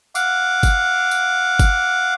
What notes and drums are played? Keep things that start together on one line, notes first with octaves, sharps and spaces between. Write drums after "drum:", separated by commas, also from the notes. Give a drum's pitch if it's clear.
F5 F#5 D6, drum: tambourine
drum: kick G1, tambourine
drum: tambourine
drum: kick G1, tambourine